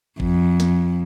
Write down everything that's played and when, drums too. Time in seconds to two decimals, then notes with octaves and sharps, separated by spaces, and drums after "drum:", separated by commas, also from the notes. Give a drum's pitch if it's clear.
0.20 F2, drum: kick
0.60 drum: snare